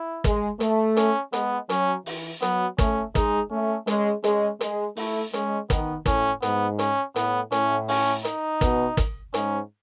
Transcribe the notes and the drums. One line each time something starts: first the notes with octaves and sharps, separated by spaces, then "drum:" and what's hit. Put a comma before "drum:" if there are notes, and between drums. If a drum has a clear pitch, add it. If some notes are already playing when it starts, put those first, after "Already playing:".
Already playing: E4
G#3, drum: kick, hi-hat
A3, drum: hi-hat
C#4, drum: hi-hat
G#3 B3, drum: hi-hat
F#3 C#4, drum: hi-hat
E3, drum: open hi-hat
F#3 B3, drum: hi-hat
A3 C#4, drum: kick, hi-hat
G#3 D#4, drum: kick, hi-hat
A3 C#4
G#3 C#4, drum: hi-hat
G#3 C#4, drum: hi-hat
G#3, drum: hi-hat
A3 E4, drum: open hi-hat
G#3 C#4, drum: hi-hat
D#3 B3, drum: kick, hi-hat
A2 C#4, drum: kick, hi-hat
G#2 B3, drum: hi-hat
C#4, drum: hi-hat
A2 B3, drum: hi-hat
A2 C#4, drum: hi-hat
C#4, drum: open hi-hat
D#4, drum: hi-hat
B2, drum: kick, hi-hat
drum: kick, hi-hat
G#2 C#4, drum: hi-hat